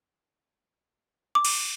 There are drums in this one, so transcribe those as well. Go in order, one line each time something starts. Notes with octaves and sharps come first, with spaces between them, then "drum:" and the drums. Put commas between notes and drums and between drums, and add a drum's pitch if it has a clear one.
D6
drum: cymbal